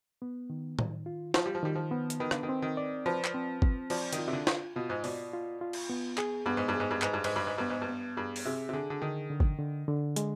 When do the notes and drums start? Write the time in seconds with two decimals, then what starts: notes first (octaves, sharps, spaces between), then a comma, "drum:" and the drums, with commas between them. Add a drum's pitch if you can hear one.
0.22 B3
0.50 D#3
0.79 D#3, drum: tom A2
1.06 F4
1.34 F3 F4, drum: snare
1.46 G3
1.55 F3
1.63 D#3 G3
1.75 F3
1.91 B3
2.10 drum: hi-hat
2.20 D#3 B4
2.31 D3, drum: rim click
2.43 D#3
2.49 C4
2.62 D#3
2.77 D5
3.06 F3 B4
3.25 drum: clap
3.34 C4
3.62 C4, drum: kick
3.90 F3 D5, drum: cymbal
4.13 D#3, drum: hi-hat
4.18 F4
4.28 C3
4.33 D3
4.47 F4, drum: snare
4.76 B2 F4
4.90 G#2
5.04 B2 D5, drum: open hi-hat
5.33 F4
5.61 F4
5.73 drum: cymbal
5.90 B3
6.18 G#4, drum: clap
6.46 G2 B3
6.57 G#2
6.68 G2
6.75 G#4
6.80 G#2
6.91 G2
7.02 G#2 B4, drum: clap
7.14 G2
7.24 G#2, drum: cymbal
7.31 G2 B4
7.47 G#2
7.58 G2 B3
7.70 G#2
7.82 G2
7.89 B3
8.17 G2 G#4
8.36 drum: open hi-hat
8.45 C3 G#4
8.69 C3
8.73 D3 G#4
8.90 D3
9.02 D3 D#3
9.30 D3
9.40 drum: kick
9.59 D3
9.88 D3
10.16 G#3, drum: hi-hat